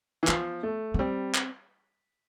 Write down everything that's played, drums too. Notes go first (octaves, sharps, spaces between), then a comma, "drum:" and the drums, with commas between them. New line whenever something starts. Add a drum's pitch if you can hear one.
E3
F3 B3, drum: clap
A3
B3
G3 C4
drum: clap